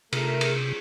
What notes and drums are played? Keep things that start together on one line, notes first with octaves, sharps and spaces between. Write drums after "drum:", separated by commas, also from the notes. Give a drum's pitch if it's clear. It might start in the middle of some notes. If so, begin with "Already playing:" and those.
C3 A3 A#4, drum: cymbal
drum: cymbal